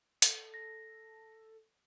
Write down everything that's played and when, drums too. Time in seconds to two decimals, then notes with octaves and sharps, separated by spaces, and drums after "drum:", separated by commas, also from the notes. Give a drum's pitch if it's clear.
0.22 A4, drum: hi-hat
0.54 A#6